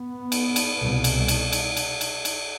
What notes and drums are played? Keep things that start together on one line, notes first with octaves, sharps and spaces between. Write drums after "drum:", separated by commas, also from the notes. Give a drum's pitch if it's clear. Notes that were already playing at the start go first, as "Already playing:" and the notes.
Already playing: B3
drum: cymbal
drum: cymbal
C2 B2
drum: cymbal
drum: cymbal
drum: cymbal
drum: cymbal
drum: cymbal
drum: cymbal